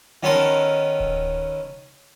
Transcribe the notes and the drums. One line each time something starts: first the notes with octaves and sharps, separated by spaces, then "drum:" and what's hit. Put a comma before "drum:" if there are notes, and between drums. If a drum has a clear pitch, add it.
D#3 B3 C#4 A4 A#4 C6
drum: kick D1